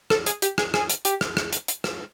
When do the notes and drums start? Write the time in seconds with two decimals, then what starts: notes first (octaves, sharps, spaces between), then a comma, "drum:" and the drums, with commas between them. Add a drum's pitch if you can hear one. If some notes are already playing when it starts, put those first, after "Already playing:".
0.10 A4, drum: rim click
0.26 G#4, drum: hi-hat
0.42 G4, drum: hi-hat
0.58 G#4, drum: rim click
0.74 G#4, drum: rim click
0.89 drum: hi-hat
1.05 G4, drum: hi-hat
1.21 drum: rim click
1.37 drum: rim click
1.53 drum: hi-hat
1.68 drum: hi-hat
1.84 drum: rim click